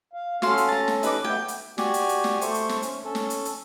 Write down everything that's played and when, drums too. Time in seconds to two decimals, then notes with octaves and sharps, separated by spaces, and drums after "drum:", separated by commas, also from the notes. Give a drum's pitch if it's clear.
0.13 F5
0.42 C#4 F#4 A4 F5 C6, drum: snare
0.57 drum: hi-hat
0.69 A5 A#5
0.88 drum: snare
1.03 D#4 B4 D6, drum: hi-hat
1.24 A3 B3 G5
1.48 drum: hi-hat
1.78 F#4 G4 D5 G#5, drum: snare
1.94 drum: hi-hat
2.09 drum: hi-hat
2.24 drum: snare
2.41 A3 C5 C#6, drum: hi-hat
2.54 drum: hi-hat
2.69 drum: snare
2.82 C#4, drum: hi-hat
3.05 C#4 A4
3.15 drum: snare
3.30 drum: hi-hat
3.45 drum: hi-hat